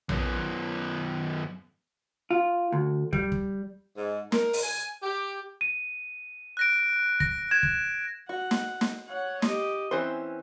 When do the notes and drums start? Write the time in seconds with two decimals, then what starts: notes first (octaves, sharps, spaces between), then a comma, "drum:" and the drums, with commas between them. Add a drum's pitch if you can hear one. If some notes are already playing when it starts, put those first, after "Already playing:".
0.09 F#2 B3, drum: tom A#1
2.31 F4
2.72 D2
3.13 G3, drum: kick
3.32 drum: kick
3.97 G#2
4.32 A#4, drum: snare
4.53 drum: open hi-hat
4.63 G#5
5.03 G4
5.61 D#7
6.57 F#6 A#6 D7
7.20 A#6, drum: kick
7.51 G#6 E7
7.63 drum: kick
8.29 F#4 F#5
8.51 drum: snare
8.81 drum: snare
9.08 C#5 F#5
9.42 G4 D#5, drum: snare
9.91 E3 C4 C#4 C5